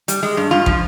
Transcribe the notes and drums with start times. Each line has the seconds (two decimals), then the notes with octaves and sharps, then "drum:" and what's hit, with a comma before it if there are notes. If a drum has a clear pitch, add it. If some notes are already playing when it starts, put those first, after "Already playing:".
0.08 G3, drum: hi-hat
0.23 G#3
0.37 G2
0.51 G2 F4
0.66 F3, drum: kick